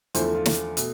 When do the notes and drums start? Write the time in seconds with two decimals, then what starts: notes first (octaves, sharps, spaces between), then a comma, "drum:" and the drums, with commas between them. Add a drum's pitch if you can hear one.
0.15 E2 D3 F3 A3 C5, drum: hi-hat
0.25 A4
0.35 F4
0.46 drum: snare
0.77 B2 A3, drum: hi-hat